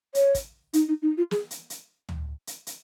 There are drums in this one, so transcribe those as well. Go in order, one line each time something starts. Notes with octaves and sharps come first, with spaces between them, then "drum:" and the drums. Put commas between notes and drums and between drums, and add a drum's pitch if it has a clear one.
C#5, drum: hi-hat
drum: kick, hi-hat
D#4, drum: hi-hat
D#4
D#4
F4
G#4, drum: snare
drum: hi-hat
drum: hi-hat
drum: tom
drum: hi-hat
drum: hi-hat